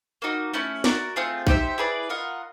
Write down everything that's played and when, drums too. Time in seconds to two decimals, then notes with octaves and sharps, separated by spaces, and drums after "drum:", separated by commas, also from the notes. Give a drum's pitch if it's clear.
0.22 A#3 D#4 F#4
0.53 A3 C#4 E4
0.84 F#4 A#4 D5, drum: snare
1.16 A3 C4 F4 G#4
1.47 D#4 G4 C5 E5, drum: kick A#1
1.78 E4 G#4 B4 D5
2.09 F4 A#4 D#5 F#5